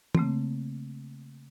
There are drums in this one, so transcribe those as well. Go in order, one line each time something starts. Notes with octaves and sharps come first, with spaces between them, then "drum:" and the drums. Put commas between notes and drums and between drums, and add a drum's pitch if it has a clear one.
C#3 A3 A#3 C4, drum: tom